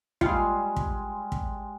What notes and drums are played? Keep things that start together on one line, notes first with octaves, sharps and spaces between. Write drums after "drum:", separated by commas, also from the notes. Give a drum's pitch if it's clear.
G3 G#3 F4 F5, drum: kick
drum: kick
drum: kick